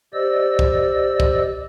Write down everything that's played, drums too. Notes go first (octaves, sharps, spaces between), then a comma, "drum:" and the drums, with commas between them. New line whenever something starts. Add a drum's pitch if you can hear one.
G4 C5 D5 D#5 E6
drum: kick
drum: kick